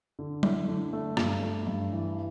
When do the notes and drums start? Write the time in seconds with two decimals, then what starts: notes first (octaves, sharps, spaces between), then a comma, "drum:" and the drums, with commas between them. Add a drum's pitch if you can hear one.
0.19 D3
0.43 E4, drum: tom F#3
0.68 D3
0.93 A3
1.17 G2, drum: rim click
1.42 A3
1.67 G2
1.92 E3